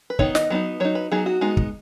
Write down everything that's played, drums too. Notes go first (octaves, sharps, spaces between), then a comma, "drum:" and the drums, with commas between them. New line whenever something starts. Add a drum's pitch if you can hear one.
B4
D#3 B3 D#4 C#5, drum: kick
D#5, drum: snare
F#3 B3 D#4
F#3 D#4 C#5
B4
F#3 B3 D#4 G#4
F#4
G#3 B3 D#4
drum: kick